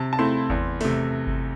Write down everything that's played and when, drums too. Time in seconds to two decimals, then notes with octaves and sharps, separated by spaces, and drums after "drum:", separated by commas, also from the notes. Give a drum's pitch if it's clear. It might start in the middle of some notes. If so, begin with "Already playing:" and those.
Already playing: C3 A5
0.13 A5
0.19 A3 C4 E4 C6
0.50 E2, drum: kick G1
0.81 C3 A3, drum: open hi-hat
1.27 drum: kick G1